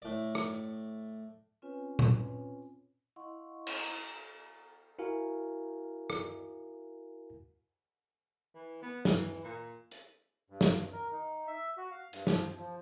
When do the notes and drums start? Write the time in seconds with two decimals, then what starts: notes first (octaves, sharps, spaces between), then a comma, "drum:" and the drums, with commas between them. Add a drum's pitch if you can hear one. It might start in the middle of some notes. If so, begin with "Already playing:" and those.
0.02 A2 D5
0.35 drum: rim click
1.62 C4 C#4 F4 B4 C#5 G#5
1.99 drum: tom A#2
3.16 E4 D#5 F5 F#5 C6 C#6
3.67 drum: cymbal
4.99 E4 F#4 A#4 F5 G#5
6.10 drum: rim click
8.55 E3
8.82 B3
9.05 E3, drum: snare
9.44 A#2
9.91 drum: hi-hat
10.50 G2
10.61 drum: snare
10.92 A#4
11.12 D#4
11.47 E5
11.77 F#4
11.91 F5
12.13 G2, drum: hi-hat
12.27 F3, drum: snare
12.58 F3